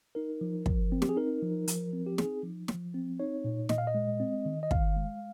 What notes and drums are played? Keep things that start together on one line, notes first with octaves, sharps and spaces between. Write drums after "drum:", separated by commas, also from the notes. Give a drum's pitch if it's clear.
D#4 A#4
F3
F3, drum: kick
C4
G4, drum: snare
G#4
D#4 A#4
F3
F3, drum: hi-hat
C4
G4
D#4 G#4, drum: snare
F3
F3, drum: snare
C4
D#4 C#5
A#2
A#2 D#5, drum: snare
F5
D#5
G#3
C4
D#3
D#5
D#3 F5, drum: kick
G#3